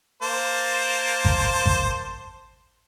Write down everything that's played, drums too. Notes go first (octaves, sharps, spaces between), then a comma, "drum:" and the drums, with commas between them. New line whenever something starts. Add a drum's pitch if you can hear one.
A#3 C5 A5
drum: kick G#1
drum: kick G#1